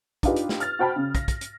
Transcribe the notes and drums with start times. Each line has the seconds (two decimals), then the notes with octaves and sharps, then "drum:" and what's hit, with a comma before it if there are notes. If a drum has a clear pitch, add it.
0.23 D4 D#4 F4 G4 B4, drum: kick, hi-hat
0.36 drum: hi-hat
0.49 drum: snare
0.60 F6 A6, drum: hi-hat
0.79 F#4 C5 G5 A5 B5
0.96 C#3
1.15 A#6, drum: kick, hi-hat
1.28 drum: kick, hi-hat
1.41 drum: hi-hat